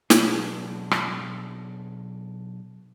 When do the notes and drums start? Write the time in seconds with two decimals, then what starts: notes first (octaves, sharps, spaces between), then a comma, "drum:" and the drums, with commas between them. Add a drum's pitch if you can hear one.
0.10 B2 F#3 D4 G#4, drum: snare
0.91 drum: rim click